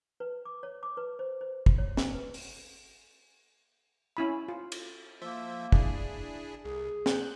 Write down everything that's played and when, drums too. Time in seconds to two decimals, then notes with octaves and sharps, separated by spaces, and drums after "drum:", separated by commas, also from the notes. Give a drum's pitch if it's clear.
0.20 B4
0.45 D6
0.63 C#5
0.83 D6
0.97 B4
1.19 C5
1.41 C5
1.66 drum: kick
1.78 C#5
1.97 drum: snare
2.15 B4
2.34 drum: open hi-hat
4.17 C#4 E4 B5
4.48 F4
4.72 drum: cymbal
5.22 F3 A#3 C5 E5
5.72 D4 E4 G#4, drum: kick
6.65 C2 G#4
7.06 F#6 G6, drum: snare